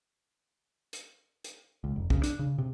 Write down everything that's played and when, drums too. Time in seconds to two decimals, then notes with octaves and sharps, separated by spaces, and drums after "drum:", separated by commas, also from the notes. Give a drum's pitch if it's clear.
0.93 drum: hi-hat
1.44 drum: hi-hat
1.84 C#2
1.96 F1
2.10 C#3, drum: kick
2.24 D4, drum: hi-hat
2.39 C#3
2.58 C3